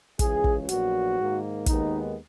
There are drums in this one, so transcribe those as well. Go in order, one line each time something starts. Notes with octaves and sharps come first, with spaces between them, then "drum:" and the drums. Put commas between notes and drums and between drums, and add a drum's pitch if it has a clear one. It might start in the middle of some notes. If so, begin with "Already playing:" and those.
C#2 C#3 E3 G#4, drum: kick, hi-hat
drum: kick
A#1 A#2 F#3 B3 F#4, drum: hi-hat
G#2 D#3 A#3
D#2 D#3 G#3 B3 D#4, drum: kick, hi-hat